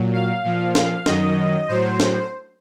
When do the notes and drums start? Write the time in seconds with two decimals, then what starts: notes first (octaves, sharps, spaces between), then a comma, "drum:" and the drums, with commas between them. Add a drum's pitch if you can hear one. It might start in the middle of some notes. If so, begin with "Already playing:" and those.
Already playing: A#2 F#3
0.13 F5
0.44 A#2 F3
0.75 F5, drum: snare
1.06 F#2 D#3 F#3 D#5, drum: snare
1.68 A2 F#3 C5
2.00 drum: snare